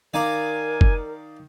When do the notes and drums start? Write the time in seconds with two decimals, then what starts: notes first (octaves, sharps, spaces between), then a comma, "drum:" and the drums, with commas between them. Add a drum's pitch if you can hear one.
0.14 D#3 A#4 D5 F5 G#5 A#5
0.81 drum: kick